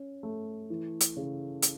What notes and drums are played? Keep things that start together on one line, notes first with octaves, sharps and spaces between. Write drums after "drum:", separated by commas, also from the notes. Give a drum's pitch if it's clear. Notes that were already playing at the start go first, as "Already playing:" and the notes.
Already playing: C#4
A3
E3
drum: hi-hat
C#3
drum: hi-hat